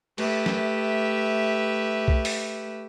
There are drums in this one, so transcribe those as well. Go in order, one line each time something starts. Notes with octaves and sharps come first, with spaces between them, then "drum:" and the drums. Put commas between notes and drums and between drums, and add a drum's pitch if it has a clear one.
A3 G4 B4 E5, drum: cymbal
drum: snare
drum: kick B1
drum: open hi-hat